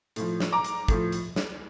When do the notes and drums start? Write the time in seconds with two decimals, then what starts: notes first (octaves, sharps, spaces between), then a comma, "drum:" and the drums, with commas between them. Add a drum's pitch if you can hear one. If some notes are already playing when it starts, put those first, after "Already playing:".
0.16 A2 F3, drum: hi-hat
0.40 drum: snare
0.52 A#5 D6
0.64 drum: hi-hat
0.88 A2 F3, drum: kick, hi-hat
1.12 drum: hi-hat
1.36 drum: snare